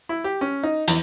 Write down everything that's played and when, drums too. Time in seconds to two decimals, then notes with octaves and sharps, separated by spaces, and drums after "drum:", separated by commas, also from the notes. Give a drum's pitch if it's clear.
0.09 E4
0.24 G4
0.41 C#4
0.63 D#4
0.88 E2, drum: hi-hat